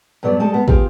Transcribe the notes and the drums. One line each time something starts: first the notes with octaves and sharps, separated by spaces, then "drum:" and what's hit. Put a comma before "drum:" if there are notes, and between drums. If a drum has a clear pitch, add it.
G2 F#3 B3 D5
G3 G#3 A4 A5
B3
F4 G4 G#4, drum: kick